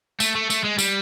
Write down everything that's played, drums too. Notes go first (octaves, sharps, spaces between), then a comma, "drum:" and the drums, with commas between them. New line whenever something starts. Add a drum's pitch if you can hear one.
A3, drum: tambourine
A3
A3, drum: tambourine
G#3
G3, drum: tambourine